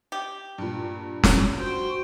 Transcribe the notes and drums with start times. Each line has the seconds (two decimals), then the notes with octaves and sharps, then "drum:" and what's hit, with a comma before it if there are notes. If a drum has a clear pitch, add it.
0.12 G4
0.58 G2 A#2
1.24 drum: snare
1.57 F#4 C5 G5